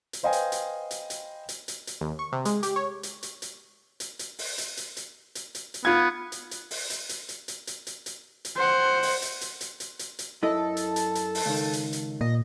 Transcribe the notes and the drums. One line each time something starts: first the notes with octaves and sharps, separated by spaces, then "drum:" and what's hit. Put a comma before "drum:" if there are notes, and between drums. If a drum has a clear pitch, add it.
drum: hi-hat
B4 C5 D#5 F5 G5 G#5
drum: hi-hat
drum: hi-hat
drum: hi-hat
drum: hi-hat
drum: hi-hat
drum: hi-hat
drum: hi-hat
D#2
C#6
C3
G#3, drum: hi-hat
G4, drum: hi-hat
C#5
drum: hi-hat
drum: hi-hat
drum: hi-hat
drum: hi-hat
drum: hi-hat
drum: open hi-hat
drum: hi-hat
drum: hi-hat
drum: hi-hat
drum: hi-hat
drum: hi-hat
drum: hi-hat
B3 F4 G#6
drum: hi-hat
drum: hi-hat
drum: open hi-hat
drum: hi-hat
drum: hi-hat
drum: hi-hat
drum: hi-hat
drum: hi-hat
drum: hi-hat
drum: hi-hat
drum: hi-hat
C5 F#5
drum: open hi-hat
drum: hi-hat
drum: hi-hat
drum: hi-hat
drum: hi-hat
drum: hi-hat
drum: hi-hat
F#2 E4 A4 D#5
drum: hi-hat
drum: hi-hat
drum: hi-hat
drum: open hi-hat
C#2 D#3
drum: hi-hat
drum: hi-hat
A#2 D#5